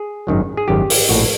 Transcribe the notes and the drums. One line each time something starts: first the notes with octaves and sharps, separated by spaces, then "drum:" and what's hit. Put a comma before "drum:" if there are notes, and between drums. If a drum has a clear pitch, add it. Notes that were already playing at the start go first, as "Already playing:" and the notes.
Already playing: G#4
G#1 F#2 D#3 F#3
G#4
G#1 F#2 D#3 F#3 G4
drum: open hi-hat
A#1 A2 F3 F#4